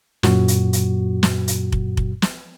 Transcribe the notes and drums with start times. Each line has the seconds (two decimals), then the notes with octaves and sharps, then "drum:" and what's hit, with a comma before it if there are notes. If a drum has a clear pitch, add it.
0.23 F#2 A#2 F#3 F#4, drum: snare
0.48 drum: hi-hat
0.73 drum: hi-hat
1.23 drum: snare
1.48 drum: hi-hat
1.72 drum: kick F1
1.97 drum: kick F1
2.22 drum: snare